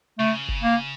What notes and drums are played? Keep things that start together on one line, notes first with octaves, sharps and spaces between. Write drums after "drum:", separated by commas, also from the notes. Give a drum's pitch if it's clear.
C#3 A3
drum: kick F#1
A#3